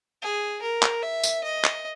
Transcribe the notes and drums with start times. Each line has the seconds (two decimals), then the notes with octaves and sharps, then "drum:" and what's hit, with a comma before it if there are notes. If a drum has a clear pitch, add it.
0.22 G#4
0.62 A#4
0.83 drum: clap
1.02 E5
1.23 drum: tambourine
1.44 D#5
1.64 drum: clap